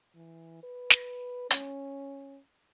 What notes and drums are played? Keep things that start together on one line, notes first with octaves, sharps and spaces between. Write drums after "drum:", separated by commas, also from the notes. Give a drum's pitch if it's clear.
E3
B4
drum: snare
C#4, drum: hi-hat